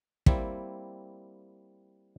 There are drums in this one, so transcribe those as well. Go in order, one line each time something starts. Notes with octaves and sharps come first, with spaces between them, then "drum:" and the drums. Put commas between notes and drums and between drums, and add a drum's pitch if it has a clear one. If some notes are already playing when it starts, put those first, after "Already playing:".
G3 A#3 C4 E4, drum: kick